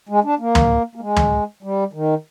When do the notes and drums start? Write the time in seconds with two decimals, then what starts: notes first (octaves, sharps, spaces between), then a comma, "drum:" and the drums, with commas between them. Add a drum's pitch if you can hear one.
0.09 G#3
0.24 D4
0.39 A#3
0.55 drum: tom
0.95 A#3
1.01 G#3
1.16 drum: tom
1.63 G3
1.93 D#3